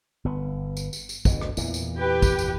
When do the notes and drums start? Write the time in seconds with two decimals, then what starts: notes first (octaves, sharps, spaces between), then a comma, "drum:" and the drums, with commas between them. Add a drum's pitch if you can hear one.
0.25 G1 B3
0.77 drum: tambourine
0.93 drum: tambourine
1.09 drum: tambourine
1.25 D2 B2, drum: kick, tambourine
1.41 drum: rim click
1.57 E2 A#2 E3, drum: tambourine
1.74 drum: tambourine
1.97 G4 B4 G5
2.22 drum: kick, tambourine
2.39 drum: tambourine